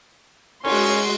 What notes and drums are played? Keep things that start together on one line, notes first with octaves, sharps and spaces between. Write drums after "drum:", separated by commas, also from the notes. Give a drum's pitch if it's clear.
G#3 C#4 F#4 C6, drum: cymbal